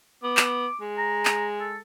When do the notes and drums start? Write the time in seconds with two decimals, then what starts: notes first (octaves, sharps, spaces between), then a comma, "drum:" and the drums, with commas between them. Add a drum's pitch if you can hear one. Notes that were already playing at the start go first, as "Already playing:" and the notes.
0.23 B3 D6
0.37 drum: clap
0.81 G#3
0.98 A#5
1.25 drum: clap
1.60 A4